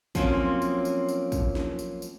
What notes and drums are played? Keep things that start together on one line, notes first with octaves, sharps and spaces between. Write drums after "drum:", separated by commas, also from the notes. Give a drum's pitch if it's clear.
F3 F#3 A#3 C4 C#4, drum: kick, tambourine
drum: tambourine
drum: tambourine
drum: tambourine
drum: kick, tambourine
drum: snare
drum: tambourine
drum: tambourine